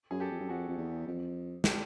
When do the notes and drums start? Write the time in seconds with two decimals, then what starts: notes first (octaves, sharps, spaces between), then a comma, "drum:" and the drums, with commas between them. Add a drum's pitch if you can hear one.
0.11 F#2 G#4
0.20 G4 A4
0.31 F2
0.40 F#2
0.49 F2 F#4 G#4
0.68 F2
0.78 E2
1.07 F2
1.64 G4 A4, drum: snare